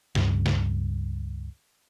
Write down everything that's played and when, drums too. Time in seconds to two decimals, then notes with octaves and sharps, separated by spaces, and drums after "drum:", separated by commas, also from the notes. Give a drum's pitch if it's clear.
0.15 C#2 G2, drum: snare
0.46 drum: snare